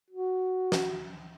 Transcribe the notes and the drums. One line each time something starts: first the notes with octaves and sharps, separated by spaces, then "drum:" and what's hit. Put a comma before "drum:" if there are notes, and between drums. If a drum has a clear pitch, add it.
F#4
drum: snare